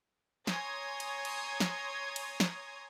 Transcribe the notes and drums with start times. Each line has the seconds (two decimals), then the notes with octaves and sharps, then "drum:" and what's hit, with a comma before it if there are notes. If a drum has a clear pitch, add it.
0.47 C#5 G#5 A#5 C6 D#6 G#6, drum: snare
1.00 drum: cymbal
1.25 drum: cymbal
1.60 drum: snare
2.16 drum: cymbal
2.40 drum: snare